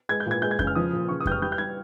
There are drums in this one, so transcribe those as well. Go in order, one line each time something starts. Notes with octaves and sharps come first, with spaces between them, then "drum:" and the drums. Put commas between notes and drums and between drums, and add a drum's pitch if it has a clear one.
G#3 G#6
G6
A#2 G#6
G#3 G6
G#6
C#3 G6, drum: kick F2
F6
F3 D#6
A#2
C#3 C#6
D#6
G3 G6, drum: kick F2
F6
G3 G6
G6
G3 G#6